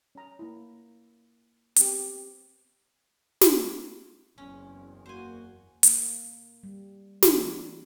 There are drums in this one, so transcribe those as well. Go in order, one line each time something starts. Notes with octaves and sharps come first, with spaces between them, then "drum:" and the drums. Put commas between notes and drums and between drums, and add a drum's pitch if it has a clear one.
C#4 A#5
A#3 E4
B3 C4 G4, drum: hi-hat
drum: snare
F#1 E2 C4 C#4
A#3 F#4 C5 G#5
A#3, drum: hi-hat
G3
E3, drum: snare
D4